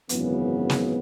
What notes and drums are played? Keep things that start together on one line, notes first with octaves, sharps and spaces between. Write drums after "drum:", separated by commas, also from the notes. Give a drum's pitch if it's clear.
G#1 F#2 C#3 E3 B3, drum: hi-hat
drum: snare